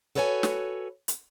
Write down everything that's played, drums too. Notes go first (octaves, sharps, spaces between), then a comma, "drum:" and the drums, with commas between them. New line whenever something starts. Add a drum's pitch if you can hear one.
F#4 A4 B4 C#5 F5 G#5
drum: snare
drum: hi-hat